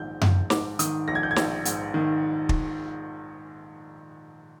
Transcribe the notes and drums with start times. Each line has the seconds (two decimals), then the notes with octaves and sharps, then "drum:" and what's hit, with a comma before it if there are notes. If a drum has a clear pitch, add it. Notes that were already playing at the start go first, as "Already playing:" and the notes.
Already playing: A#1 G#2 D#3 G6
0.21 A#1, drum: tom F#2
0.50 G#2 D6, drum: snare
0.79 D#3 D#6, drum: hi-hat
1.08 A#1 A#6
1.15 G#6
1.23 G6
1.31 G#6
1.36 A#1, drum: snare
1.65 G#2, drum: hi-hat
1.94 D#3
2.49 drum: kick